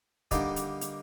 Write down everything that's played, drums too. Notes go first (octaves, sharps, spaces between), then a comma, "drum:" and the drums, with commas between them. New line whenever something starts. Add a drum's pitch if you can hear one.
D3 G3 A#3 D#4 G4, drum: kick, hi-hat
drum: hi-hat
drum: hi-hat